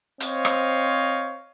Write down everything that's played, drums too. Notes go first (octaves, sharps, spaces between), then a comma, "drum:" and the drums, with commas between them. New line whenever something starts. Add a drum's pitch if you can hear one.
C4 C5 C#5 D#5 F5, drum: hi-hat
drum: rim click